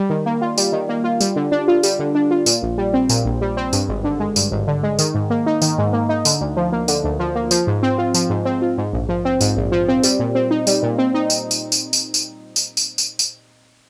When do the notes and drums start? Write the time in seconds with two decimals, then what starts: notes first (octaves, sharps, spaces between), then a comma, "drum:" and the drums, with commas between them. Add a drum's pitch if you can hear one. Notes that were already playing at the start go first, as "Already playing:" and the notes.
Already playing: G3
0.10 D#3
0.26 A#3
0.42 F4
0.58 G3, drum: tambourine
0.73 D#3
0.89 A#3
1.04 F4
1.21 G3, drum: tambourine
1.36 D3
1.52 D4
1.68 F4
1.83 G3, drum: tambourine
1.99 D3
2.15 D4
2.31 F4
2.46 A#2, drum: tambourine
2.62 A#1
2.78 G3
2.94 C4
3.09 A#2, drum: tambourine
3.25 A#1
3.41 G3
3.57 C4
3.73 G2, drum: tambourine
3.89 G#1
4.04 D3
4.20 G#3
4.36 G2, drum: tambourine
4.52 G#1
4.68 D3
4.83 G#3
4.99 D#3, drum: tambourine
5.15 G#2
5.30 A#3
5.46 D#4
5.62 D#3, drum: tambourine
5.78 G#2
5.93 A#3
6.09 D#4
6.25 D3, drum: tambourine
6.41 D2
6.57 F3
6.72 A#3
6.88 D3, drum: tambourine
7.04 D2
7.19 F3
7.35 A#3
7.51 F3, drum: tambourine
7.67 G#2
7.83 C4
7.98 F4
8.14 F3, drum: tambourine
8.30 G#2
8.45 C4
8.62 F4
8.78 G#2
8.93 A#1
9.09 F3
9.25 C4
9.41 G#2, drum: tambourine
9.57 A#1
9.72 F3
9.88 C4
10.03 G3, drum: tambourine
10.19 A#2
10.35 C4
10.51 D#4
10.67 G3, drum: tambourine
10.83 A#2
10.98 C4
11.14 D#4
11.30 drum: tambourine
11.51 drum: tambourine
11.72 drum: tambourine
11.93 drum: tambourine
12.14 drum: tambourine
12.56 drum: tambourine
12.77 drum: tambourine
12.98 drum: tambourine
13.19 drum: tambourine